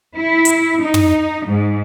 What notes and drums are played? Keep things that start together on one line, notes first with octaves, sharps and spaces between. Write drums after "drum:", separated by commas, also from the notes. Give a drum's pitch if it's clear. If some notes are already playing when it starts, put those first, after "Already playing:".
E4
drum: hi-hat
D#4
drum: tom
G#2